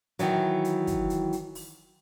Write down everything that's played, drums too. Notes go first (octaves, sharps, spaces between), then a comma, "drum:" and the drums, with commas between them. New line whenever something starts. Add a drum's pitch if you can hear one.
D#3 E3 F#3, drum: hi-hat
drum: hi-hat
drum: kick, hi-hat
drum: hi-hat
drum: hi-hat
drum: open hi-hat